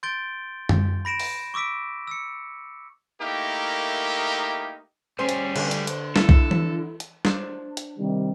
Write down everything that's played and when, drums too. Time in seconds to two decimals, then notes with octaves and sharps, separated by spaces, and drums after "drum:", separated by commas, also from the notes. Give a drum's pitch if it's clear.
0.03 C6 G6 A6 D7 G7
0.69 drum: tom F#2
1.05 B5 A#6 D7 E7
1.20 drum: open hi-hat
1.54 C#6 D6 E6 B6 D7
2.08 E6 C#7
3.20 A3 A#3 D#4 E4 G4 A#4
5.19 G3 C#4 G#4 C5
5.29 drum: hi-hat
5.56 D3, drum: cymbal
5.71 drum: hi-hat
5.87 C5, drum: hi-hat
6.16 E4 A4, drum: snare
6.29 drum: kick B1
6.51 drum: tom E3
7.00 drum: hi-hat
7.25 D4 C5 A5, drum: snare
7.77 drum: hi-hat
7.99 C3 D#3 G3